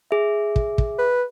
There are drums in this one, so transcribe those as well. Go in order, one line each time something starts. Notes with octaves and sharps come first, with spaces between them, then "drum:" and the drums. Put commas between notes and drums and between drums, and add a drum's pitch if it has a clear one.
G#4 E5
drum: kick
drum: kick
B4